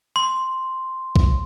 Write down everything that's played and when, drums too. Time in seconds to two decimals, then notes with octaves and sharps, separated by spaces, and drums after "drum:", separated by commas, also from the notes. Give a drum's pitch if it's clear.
0.16 C6
1.16 drum: kick B1